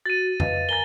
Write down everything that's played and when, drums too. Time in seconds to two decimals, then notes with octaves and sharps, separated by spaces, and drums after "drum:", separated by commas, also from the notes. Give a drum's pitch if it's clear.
0.06 F#4 A6 D#7
0.40 B4 D#5 F5, drum: tom F2
0.69 A#4 G#5 A#5 A6 G7